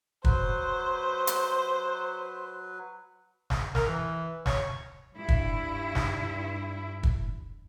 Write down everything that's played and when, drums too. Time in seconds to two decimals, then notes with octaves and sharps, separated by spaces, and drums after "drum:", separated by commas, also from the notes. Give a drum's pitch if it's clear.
0.25 F#3 B4 C5, drum: kick
1.27 drum: hi-hat
3.50 drum: snare
3.75 A#4, drum: snare
3.87 E3
4.46 C#5, drum: snare
5.15 G2 E4
5.29 drum: kick
5.95 drum: snare
7.03 drum: kick